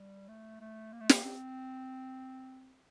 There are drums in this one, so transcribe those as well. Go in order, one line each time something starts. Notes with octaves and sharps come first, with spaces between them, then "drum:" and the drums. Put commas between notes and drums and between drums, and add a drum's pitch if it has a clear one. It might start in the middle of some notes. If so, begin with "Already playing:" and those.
Already playing: G3
A3
A3
A#3
A3
A#3, drum: snare
C4